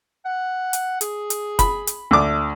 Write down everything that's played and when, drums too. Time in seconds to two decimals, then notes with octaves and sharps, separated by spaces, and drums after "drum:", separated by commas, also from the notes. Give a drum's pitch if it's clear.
0.25 F#5
0.73 drum: hi-hat
1.01 G#4, drum: hi-hat
1.30 drum: hi-hat
1.59 B5, drum: kick F#1, hi-hat
1.87 drum: hi-hat
2.11 D2 D6